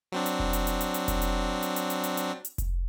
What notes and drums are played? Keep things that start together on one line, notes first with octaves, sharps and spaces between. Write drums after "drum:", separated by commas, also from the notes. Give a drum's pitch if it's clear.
F#3 C4 D4
drum: hi-hat
drum: kick F1
drum: hi-hat
drum: hi-hat
drum: hi-hat
drum: hi-hat
drum: kick F1, hi-hat
drum: hi-hat
drum: hi-hat
drum: hi-hat
drum: hi-hat
drum: hi-hat
drum: hi-hat
drum: hi-hat
drum: kick F1, hi-hat